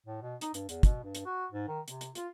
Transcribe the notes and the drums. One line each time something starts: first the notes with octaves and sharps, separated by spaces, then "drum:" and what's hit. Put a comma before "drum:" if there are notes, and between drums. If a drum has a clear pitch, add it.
A2
B2
D#4, drum: hi-hat
G2, drum: hi-hat
E2, drum: hi-hat
B2, drum: kick, hi-hat
G2
drum: hi-hat
F#4
G#2
D#3
C3, drum: hi-hat
drum: hi-hat
F4, drum: hi-hat